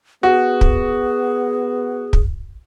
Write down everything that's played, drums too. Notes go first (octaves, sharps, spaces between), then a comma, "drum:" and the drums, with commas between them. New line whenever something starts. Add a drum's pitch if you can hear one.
B3 F#4 G#4
drum: kick
drum: kick